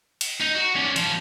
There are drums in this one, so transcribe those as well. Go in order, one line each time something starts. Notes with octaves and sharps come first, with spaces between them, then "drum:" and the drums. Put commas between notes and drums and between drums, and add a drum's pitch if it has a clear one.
drum: cymbal
D#4
F#4
C#4 D5
F3 C#4, drum: cymbal